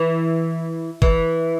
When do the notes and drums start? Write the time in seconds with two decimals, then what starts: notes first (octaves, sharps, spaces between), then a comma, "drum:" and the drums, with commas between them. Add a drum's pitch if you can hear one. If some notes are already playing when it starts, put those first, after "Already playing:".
Already playing: E3
1.02 E3, drum: kick